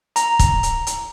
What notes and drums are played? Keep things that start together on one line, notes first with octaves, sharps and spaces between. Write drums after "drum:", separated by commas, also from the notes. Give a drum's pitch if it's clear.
A#5, drum: hi-hat
drum: kick, hi-hat
drum: hi-hat
drum: hi-hat